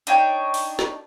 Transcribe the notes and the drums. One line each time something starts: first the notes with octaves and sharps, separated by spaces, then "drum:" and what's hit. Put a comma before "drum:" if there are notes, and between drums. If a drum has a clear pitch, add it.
D4 D#4 C#5 G5, drum: hi-hat
drum: open hi-hat
drum: snare